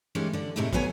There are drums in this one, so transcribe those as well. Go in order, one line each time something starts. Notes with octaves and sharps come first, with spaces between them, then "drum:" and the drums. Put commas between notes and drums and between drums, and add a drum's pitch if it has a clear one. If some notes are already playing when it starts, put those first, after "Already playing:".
E3 G3 G#3 A#3 C#4 D#4
D3 D5
A2 C3 G#3 A3 D#4 E4
D#3 B3 A4 C5 C#5 G#5, drum: kick